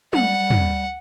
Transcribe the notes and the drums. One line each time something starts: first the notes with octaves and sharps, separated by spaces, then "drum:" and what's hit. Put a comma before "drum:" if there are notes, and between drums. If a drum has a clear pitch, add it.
G3 F#5, drum: tom
drum: tom